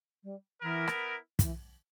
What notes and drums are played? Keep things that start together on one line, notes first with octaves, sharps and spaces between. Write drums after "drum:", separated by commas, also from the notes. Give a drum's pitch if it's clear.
G3
E3 B3 E4 A#4
drum: rim click
E3, drum: kick, hi-hat